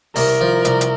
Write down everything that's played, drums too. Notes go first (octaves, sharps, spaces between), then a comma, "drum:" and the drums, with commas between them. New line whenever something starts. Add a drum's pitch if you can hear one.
C2 A#4, drum: open hi-hat
F3
C2, drum: hi-hat
drum: hi-hat